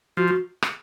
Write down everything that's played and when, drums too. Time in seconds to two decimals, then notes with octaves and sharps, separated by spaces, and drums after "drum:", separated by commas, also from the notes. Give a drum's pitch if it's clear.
0.17 F3 F#4
0.28 F#4
0.62 drum: rim click